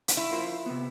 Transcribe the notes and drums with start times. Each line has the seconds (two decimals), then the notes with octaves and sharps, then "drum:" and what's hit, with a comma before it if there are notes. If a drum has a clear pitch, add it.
0.08 drum: hi-hat
0.17 E4
0.31 F4 A#4 C5
0.66 C3 B3